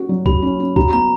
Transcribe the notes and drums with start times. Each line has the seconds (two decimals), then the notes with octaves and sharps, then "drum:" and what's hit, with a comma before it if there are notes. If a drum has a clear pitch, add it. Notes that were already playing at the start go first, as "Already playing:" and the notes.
Already playing: C#4 F#4
0.09 F#3
0.26 F#4 B5, drum: kick
0.42 C#4
0.60 C#4
0.76 F#4 A#5, drum: kick
0.93 B3 A#5